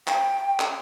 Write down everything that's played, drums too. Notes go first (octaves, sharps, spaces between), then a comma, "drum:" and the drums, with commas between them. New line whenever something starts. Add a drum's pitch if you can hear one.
G5, drum: clap
drum: clap